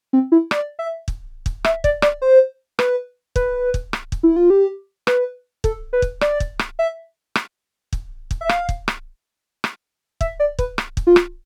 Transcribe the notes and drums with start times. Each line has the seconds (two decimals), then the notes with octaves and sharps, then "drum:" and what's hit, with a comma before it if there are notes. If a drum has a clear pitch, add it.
0.13 C4
0.32 E4
0.51 D5, drum: rim click
0.79 E5
1.08 drum: kick
1.46 drum: kick
1.64 E5, drum: rim click
1.84 D5, drum: kick
2.02 D5, drum: rim click
2.22 C5
2.79 B4, drum: rim click
3.36 B4, drum: kick
3.74 drum: kick
3.93 drum: rim click
4.12 drum: kick
4.23 E4
4.36 F4
4.50 G4
5.07 B4, drum: rim click
5.64 A4, drum: kick
5.93 B4
6.02 drum: kick
6.21 D5, drum: rim click
6.40 drum: kick
6.59 drum: rim click
6.79 E5
7.35 drum: rim click
7.93 drum: kick
8.31 drum: kick
8.41 E5
8.49 F5, drum: rim click
8.69 drum: kick
8.88 drum: rim click
9.64 drum: rim click
10.21 E5, drum: kick
10.40 D5
10.59 B4, drum: kick
10.78 drum: rim click
10.97 drum: kick
11.07 F4
11.16 drum: rim click